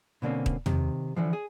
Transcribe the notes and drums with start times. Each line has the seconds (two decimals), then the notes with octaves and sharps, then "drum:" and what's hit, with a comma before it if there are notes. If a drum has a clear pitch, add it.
0.22 B2 D3 A#3 C4 C#4
0.46 drum: kick D#1
0.66 C3 D#3, drum: tom
1.16 D3 E3 F3
1.33 G#4